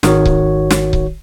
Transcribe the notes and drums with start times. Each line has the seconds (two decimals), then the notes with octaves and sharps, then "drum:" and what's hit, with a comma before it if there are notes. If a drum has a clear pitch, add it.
0.03 G#1 D#3 F#4 C#5, drum: snare
0.25 drum: kick C#1
0.70 drum: snare
0.93 drum: kick C#1